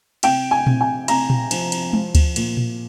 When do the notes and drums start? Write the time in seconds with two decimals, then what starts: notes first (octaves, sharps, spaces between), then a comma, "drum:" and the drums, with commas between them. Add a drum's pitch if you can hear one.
0.23 C3 G5, drum: cymbal
0.51 G#5
0.67 C3, drum: tom A#2
0.81 G#5
1.08 C3 A#5, drum: cymbal
1.30 drum: tom A#2
1.51 F3, drum: cymbal
1.72 drum: cymbal
1.93 F3, drum: tom G#3
2.15 drum: kick D2, cymbal
2.36 A#2, drum: cymbal
2.57 drum: tom A#2